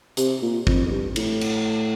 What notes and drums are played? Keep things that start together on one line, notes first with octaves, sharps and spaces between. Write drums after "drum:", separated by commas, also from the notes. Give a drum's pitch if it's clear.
C3, drum: hi-hat
A#2
F2, drum: kick
F2
G2
A2, drum: cymbal
drum: cymbal